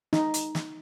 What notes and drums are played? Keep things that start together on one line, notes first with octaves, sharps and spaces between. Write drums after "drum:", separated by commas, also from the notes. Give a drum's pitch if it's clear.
D#4, drum: snare
drum: hi-hat
drum: snare